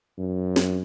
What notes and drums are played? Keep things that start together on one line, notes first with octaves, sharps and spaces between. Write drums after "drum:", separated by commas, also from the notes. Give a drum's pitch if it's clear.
F#2
drum: snare